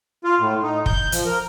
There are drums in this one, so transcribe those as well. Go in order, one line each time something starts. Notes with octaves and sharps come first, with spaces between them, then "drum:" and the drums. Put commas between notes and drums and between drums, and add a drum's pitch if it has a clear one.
F4
A2
D#4
G6, drum: kick
F3, drum: hi-hat
A#4